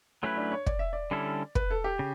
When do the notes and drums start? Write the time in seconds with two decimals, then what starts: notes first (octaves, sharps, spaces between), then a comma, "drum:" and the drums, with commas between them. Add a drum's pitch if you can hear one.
0.23 F#3 A3 C#4 E4 B4
0.37 D4
0.52 C#5
0.66 D5, drum: kick
0.79 E5
0.93 D5
1.11 D3 G3 C#4 E4 A4
1.55 B4, drum: kick
1.71 A4
1.84 G4
1.99 C#3